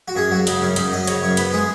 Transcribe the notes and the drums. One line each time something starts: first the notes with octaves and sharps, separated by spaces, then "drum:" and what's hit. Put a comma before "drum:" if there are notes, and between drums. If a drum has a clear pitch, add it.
F#4
F#2 G#4
F#3 F#4
C#3 D#4, drum: hi-hat
F#2 C#4
F#2 D#4, drum: hi-hat
F#3 D#5
D#5
C#3 C#5, drum: hi-hat
F#2 C#5
B3 B4, drum: hi-hat
G#3 G#4